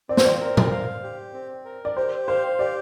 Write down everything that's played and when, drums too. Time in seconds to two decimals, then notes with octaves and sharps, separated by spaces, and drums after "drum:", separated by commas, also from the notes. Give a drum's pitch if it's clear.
0.09 C4 D5
0.17 C5, drum: snare
0.25 D5
0.41 A#4
0.57 drum: tom A#2
0.71 F5
1.03 G4
1.34 C4
1.65 A#4
1.85 D5
1.96 G4 C5
2.27 C5 F5
2.59 G4 D5